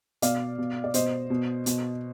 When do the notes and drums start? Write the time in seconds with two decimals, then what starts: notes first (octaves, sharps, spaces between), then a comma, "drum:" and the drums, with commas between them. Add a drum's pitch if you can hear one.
0.22 B2 D5 F5, drum: hi-hat
0.58 B2
0.84 D5
0.94 B2 C5 D#5, drum: hi-hat
1.30 B2
1.66 B2, drum: hi-hat